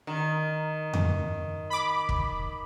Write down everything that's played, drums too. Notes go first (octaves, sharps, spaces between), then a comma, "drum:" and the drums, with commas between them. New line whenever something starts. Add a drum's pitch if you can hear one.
D#3
drum: tom F2
B5 D6
drum: kick